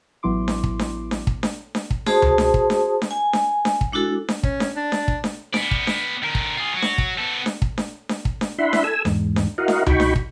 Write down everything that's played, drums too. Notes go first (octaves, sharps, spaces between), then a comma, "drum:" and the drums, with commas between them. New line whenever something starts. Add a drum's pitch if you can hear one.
A1 F#3 B3 E4 C6 D6
drum: snare D4
drum: kick
drum: snare D4
drum: snare D4
drum: kick
drum: snare D4
drum: snare D4
drum: kick
F#4 G#4 C5 A5 C6 D#6, drum: snare D4
drum: tom C#2
drum: snare D4
drum: kick
drum: snare D4
drum: snare D4
G#5
drum: snare D4
drum: snare D4
drum: kick
G#3 D4 E4 F#4 A4
drum: snare D4
C#4, drum: kick
drum: snare D4
D4
drum: snare D4
drum: kick
drum: snare D4
B3 D5, drum: snare D4
drum: kick
drum: snare D4
D3 A#4
drum: kick
F4 G#4
F#3 F#4
drum: snare D4
drum: kick
B3 A4
drum: snare D4
drum: kick
drum: snare D4
drum: snare D4
drum: kick
drum: snare D4
D4 E4 E5 F#5 B5 C6
drum: snare D4
A4 G#5 E6
E2 G#2, drum: snare D4
drum: snare D4
E4 F#4 A#4 D#5 F5 F#5
drum: snare D4
D#4 F#4 G5 B5 C#6, drum: tom C#2
drum: snare D4
drum: kick